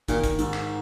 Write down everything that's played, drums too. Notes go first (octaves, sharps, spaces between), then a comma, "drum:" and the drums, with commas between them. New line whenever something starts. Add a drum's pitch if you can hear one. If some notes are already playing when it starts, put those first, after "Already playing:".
A#2 D#3, drum: kick, hi-hat
drum: kick, hi-hat
G#2 D#3, drum: hi-hat
drum: clap